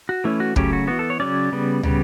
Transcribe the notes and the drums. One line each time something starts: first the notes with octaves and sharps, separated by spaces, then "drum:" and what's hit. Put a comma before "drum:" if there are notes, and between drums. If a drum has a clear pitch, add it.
F#4
E3 A3 C#4 E4
F#4
C#3 F#3 A3 C#4 G4, drum: kick
F#4
E3 B3 F#4
A4
C#5
C#3 F#3 C#4 D5
C#3 G3 B3
C#3 G3 B3, drum: tom